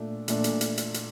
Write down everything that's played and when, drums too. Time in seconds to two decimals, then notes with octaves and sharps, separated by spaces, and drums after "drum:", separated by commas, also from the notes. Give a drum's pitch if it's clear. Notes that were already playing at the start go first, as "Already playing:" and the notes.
Already playing: A#2 A3 D4
0.28 A#2 A3 D4, drum: hi-hat
0.44 drum: hi-hat
0.61 drum: hi-hat
0.78 drum: hi-hat
0.94 drum: hi-hat